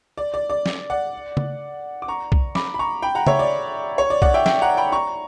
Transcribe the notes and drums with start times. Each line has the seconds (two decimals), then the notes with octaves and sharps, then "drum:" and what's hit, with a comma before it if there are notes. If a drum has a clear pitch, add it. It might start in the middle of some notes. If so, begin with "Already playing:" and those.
0.18 D5
0.34 D5
0.50 D5
0.66 drum: snare
0.90 D5 F#5
1.37 drum: tom C#3
2.02 D6
2.08 A#5 C#6
2.32 drum: kick
2.55 B5 D6, drum: snare
2.74 B5
2.79 A#5 C#6
3.02 G5 B5
3.15 F#5 A#5
3.27 C#5 E5, drum: tom C#3
3.39 D5
3.98 C#5
4.10 D5
4.22 D5 F#5, drum: kick
4.34 E5 G5
4.46 E5 G5, drum: snare
4.61 F#5 A#5
4.77 G5 B5
4.92 A#5 C#6